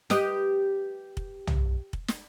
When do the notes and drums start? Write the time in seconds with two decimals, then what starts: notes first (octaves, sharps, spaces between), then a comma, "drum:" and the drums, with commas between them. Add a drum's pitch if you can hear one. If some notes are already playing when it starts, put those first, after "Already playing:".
0.10 G4 B4 D#5, drum: snare
1.17 drum: kick
1.47 drum: tom
1.93 drum: kick
2.08 drum: snare